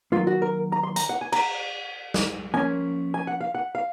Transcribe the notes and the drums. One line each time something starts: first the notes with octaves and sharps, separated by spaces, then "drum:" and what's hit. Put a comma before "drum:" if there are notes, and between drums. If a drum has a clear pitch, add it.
D#3 F#3 A#3 F4
F#4
A#4
A#5
C6
A#5, drum: hi-hat
F#5
G#5
A#5, drum: cymbal
drum: snare
F3 A#3 C#4 G#5
G#5
F#5
F5
F#5
F5